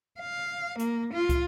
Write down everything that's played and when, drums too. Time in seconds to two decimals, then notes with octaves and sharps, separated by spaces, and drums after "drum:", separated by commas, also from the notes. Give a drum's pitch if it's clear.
0.20 F5
0.79 A#3, drum: hi-hat
1.14 F4
1.29 drum: kick, hi-hat